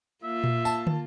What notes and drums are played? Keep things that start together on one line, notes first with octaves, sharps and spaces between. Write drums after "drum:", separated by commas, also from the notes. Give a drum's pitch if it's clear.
A#3 F4 E5
drum: tom A#2
A5, drum: tambourine
drum: tom